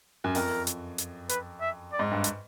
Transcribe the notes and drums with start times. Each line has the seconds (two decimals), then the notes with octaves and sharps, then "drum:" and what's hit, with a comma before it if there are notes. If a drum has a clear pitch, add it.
0.24 F#2
0.35 F2 A#4, drum: open hi-hat
0.67 drum: hi-hat
0.98 drum: hi-hat
1.29 B4, drum: hi-hat
1.61 E5
1.93 D5
1.99 G#2
2.11 G2
2.24 drum: hi-hat